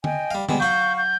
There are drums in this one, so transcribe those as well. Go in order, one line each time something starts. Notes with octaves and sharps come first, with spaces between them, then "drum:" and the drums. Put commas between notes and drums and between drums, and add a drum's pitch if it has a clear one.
D#5 G5 G#5, drum: tom D3
G3 F5
B2 G3 G#3 G#5, drum: tom D3
F#3 F#4 F5 C#6 G6
G6